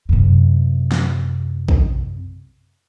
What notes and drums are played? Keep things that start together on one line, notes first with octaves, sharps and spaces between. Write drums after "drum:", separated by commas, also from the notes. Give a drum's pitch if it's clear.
F#2 C3
drum: snare
drum: kick A#1